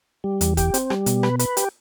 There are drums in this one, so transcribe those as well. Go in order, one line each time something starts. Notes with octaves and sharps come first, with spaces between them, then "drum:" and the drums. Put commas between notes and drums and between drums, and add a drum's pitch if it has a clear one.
G3
E2, drum: hi-hat
G4, drum: kick E1, hi-hat
C4, drum: hi-hat
G3, drum: rim click
B2, drum: hi-hat
B4, drum: rim click
B4, drum: hi-hat
G4, drum: hi-hat